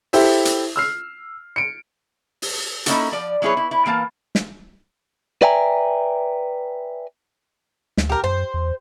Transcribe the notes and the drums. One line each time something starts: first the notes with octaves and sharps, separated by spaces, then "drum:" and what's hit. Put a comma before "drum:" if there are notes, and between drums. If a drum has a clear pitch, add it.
E4 G4 A4 C5 E5, drum: open hi-hat
drum: hi-hat
E6 F6 C7
C#7 D7
drum: open hi-hat
A#3 C#4 D#4 E4 F#4 A4, drum: hi-hat
F3 D5
F#3 B3 E4 G#4 C#5
E4
E4
E3 A#3 F5 A5
drum: snare
B4 D5 E5 G5 G#5 A#5
D2, drum: snare
G4 A#4
F#2 C5
E2